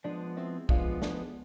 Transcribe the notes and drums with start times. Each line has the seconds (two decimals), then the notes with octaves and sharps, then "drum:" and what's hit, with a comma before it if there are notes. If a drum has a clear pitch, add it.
0.04 F3 G#3 B3 D4
0.37 C4 E4
0.69 F3 G#3 B3 D4 F4, drum: kick
1.02 D4, drum: snare